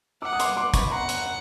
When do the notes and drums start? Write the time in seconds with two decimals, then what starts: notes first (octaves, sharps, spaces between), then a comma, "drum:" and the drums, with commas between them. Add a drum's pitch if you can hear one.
0.22 F#5 D6 E6
0.33 D#6
0.40 C6 D6, drum: hi-hat
0.57 C6 D6
0.74 B5 C#6, drum: kick, hi-hat
0.91 F#5 A#5 C6
1.09 drum: hi-hat